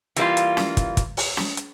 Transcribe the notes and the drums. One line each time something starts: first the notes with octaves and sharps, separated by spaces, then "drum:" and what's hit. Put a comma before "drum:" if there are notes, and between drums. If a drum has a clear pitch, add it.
E3 G3 A#3 D4 F4, drum: hi-hat
drum: hi-hat
drum: snare
drum: kick, hi-hat
drum: kick, hi-hat
drum: open hi-hat
drum: snare
drum: hi-hat